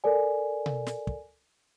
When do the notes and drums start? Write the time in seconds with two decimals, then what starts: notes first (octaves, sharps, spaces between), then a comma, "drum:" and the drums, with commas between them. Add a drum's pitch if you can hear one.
0.04 A4 A#4 D5 G#5
0.66 drum: tom B2
0.86 drum: snare
1.07 drum: kick